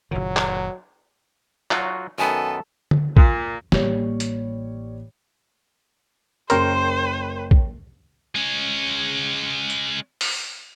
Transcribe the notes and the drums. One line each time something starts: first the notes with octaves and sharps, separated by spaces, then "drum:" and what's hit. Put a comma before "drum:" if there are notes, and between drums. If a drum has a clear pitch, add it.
F#1 A#2 D#3 F#3
drum: clap
F#3 F4 F#4, drum: clap
F#2 D#3 B3 A4 G#5
drum: tom
A#2, drum: kick
A1 G3 A#3 C#5, drum: snare
drum: hi-hat
F#1 A#4 C5 C#5 G5 C6, drum: hi-hat
drum: kick
G#3 C#4
drum: hi-hat
drum: open hi-hat